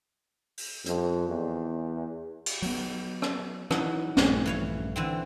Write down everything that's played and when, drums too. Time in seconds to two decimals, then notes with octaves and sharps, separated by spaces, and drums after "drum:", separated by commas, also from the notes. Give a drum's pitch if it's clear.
0.57 drum: open hi-hat
0.86 F2, drum: hi-hat
1.29 E2
2.46 drum: cymbal
2.62 F#3 B3, drum: open hi-hat
3.22 drum: rim click
3.71 E3 F#3 D#4, drum: rim click
4.17 A#1 G2 A3, drum: snare
4.46 E3 C#5 F5
4.96 D3 E3 C4